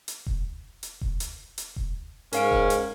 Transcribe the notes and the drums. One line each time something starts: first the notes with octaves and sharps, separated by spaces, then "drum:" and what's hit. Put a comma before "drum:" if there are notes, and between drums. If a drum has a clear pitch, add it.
drum: hi-hat
drum: kick E1
drum: hi-hat
drum: kick E1
drum: hi-hat
drum: hi-hat
drum: kick E1
G#2 C#4 A#4 F5 D7, drum: hi-hat
drum: kick E1
drum: hi-hat